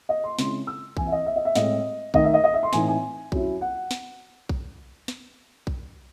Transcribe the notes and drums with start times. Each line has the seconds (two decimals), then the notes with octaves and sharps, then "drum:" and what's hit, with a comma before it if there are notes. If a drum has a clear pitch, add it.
0.09 D#5
0.24 C6
0.39 C#3 G#3 C4 E4 C6, drum: snare
0.67 E6
0.97 E3 C4 E4 G#5, drum: kick B1
1.07 E5
1.12 D#5
1.26 E5
1.36 D#5
1.45 E5
1.55 A2 G#3 C4 D#5, drum: snare
2.14 D#3 A3 D#4 D#5, drum: kick B1
2.24 E5
2.34 D#5
2.44 D#5
2.54 E5
2.63 C6
2.73 A2 E3 C4 D#4 G#5, drum: snare
2.88 G#5
3.32 F#3 C#4 E4, drum: kick B1
3.61 F#5
3.91 drum: snare
4.49 drum: kick B1
5.08 drum: snare
5.67 drum: kick B1